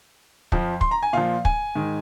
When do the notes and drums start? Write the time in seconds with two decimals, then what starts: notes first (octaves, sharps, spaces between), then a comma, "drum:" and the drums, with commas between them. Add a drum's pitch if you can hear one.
0.52 F2 F3, drum: kick
0.81 C6, drum: kick
0.91 A#5
1.03 G#5
1.13 A#2 F3 F5
1.45 G#5, drum: kick
1.76 G#2 D#3